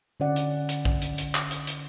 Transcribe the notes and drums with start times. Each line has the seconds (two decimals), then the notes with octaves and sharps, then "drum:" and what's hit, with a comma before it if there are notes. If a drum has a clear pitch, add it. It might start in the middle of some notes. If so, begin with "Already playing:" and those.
0.20 D3 C#4 D5 F#5
0.36 drum: hi-hat
0.69 drum: hi-hat
0.85 drum: kick
1.02 drum: hi-hat
1.18 drum: hi-hat
1.35 drum: clap
1.51 drum: hi-hat
1.67 drum: hi-hat